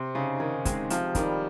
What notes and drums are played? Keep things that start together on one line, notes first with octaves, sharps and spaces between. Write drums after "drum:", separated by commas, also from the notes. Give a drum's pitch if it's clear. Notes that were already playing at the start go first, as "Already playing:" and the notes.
Already playing: C3 C4
C#3 D#4
D#3 G#4
G#3 C4, drum: kick, hi-hat
C3 F3, drum: hi-hat
D#3 G3, drum: kick, hi-hat